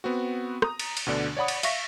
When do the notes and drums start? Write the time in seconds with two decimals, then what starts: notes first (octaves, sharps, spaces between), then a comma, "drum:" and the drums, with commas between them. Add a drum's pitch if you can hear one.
0.04 B3 C4 F#4
0.62 A#5 D#6, drum: rim click
0.79 drum: cymbal
0.97 drum: cymbal
1.06 D2 B2 D3 D4
1.37 C#5 D5 F#5 B5 D#6
1.48 drum: cymbal
1.63 E5 F5 C#6 A#6 B6, drum: cymbal